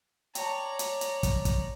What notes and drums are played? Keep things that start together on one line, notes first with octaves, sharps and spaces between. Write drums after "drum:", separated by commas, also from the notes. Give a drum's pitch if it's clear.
C#5 D5 G5 A5 A#5, drum: hi-hat
drum: hi-hat
drum: hi-hat
drum: kick, hi-hat
drum: kick, hi-hat